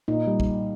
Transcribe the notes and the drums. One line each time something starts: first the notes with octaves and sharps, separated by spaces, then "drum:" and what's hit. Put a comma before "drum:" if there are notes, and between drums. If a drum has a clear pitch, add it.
A#2 D#4
G3
drum: kick